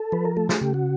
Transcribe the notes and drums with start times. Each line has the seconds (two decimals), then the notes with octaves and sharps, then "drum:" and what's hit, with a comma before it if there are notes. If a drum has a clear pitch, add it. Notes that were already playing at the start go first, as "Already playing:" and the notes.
Already playing: A4
0.12 F3 B4
0.25 A#4
0.37 A3 A4
0.49 G#4, drum: snare
0.61 C#3 G4
0.74 F#4